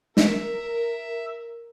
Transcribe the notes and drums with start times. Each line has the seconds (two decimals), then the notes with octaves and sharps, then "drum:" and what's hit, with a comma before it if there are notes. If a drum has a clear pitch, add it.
0.17 A#4 E5, drum: snare